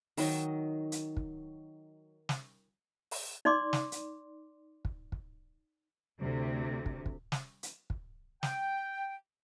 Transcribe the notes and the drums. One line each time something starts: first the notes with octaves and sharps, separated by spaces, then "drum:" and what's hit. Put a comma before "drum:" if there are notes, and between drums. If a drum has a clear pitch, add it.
D#3 F#3 D#5, drum: open hi-hat
drum: hi-hat
drum: kick
drum: snare
drum: open hi-hat
D#4 D5 C6 D6
drum: snare
drum: hi-hat
drum: kick
drum: kick
D2 C3
drum: kick
drum: kick
drum: snare
drum: hi-hat
drum: kick
G5, drum: snare